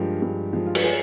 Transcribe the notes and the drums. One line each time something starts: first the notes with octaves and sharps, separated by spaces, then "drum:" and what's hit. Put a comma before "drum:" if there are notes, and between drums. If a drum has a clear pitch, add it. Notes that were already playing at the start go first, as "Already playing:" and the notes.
Already playing: G2 F3 G#3 G4 A#4
G2
F3 G#3
F4
G4, drum: cymbal
F4 G#4